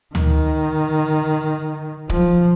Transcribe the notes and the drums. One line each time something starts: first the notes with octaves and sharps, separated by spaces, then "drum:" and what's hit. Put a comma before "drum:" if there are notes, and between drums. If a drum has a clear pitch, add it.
D#3, drum: tom D2
F3, drum: kick D1